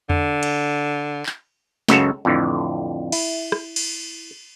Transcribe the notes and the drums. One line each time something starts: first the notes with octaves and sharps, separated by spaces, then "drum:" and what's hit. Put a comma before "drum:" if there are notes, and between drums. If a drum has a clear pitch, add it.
D3, drum: tom E2
drum: cymbal
drum: clap
C#2 F#2 C#3 F#4 A4 C#5, drum: snare
F2 A2 D3 E3
E4, drum: cymbal
drum: rim click
drum: cymbal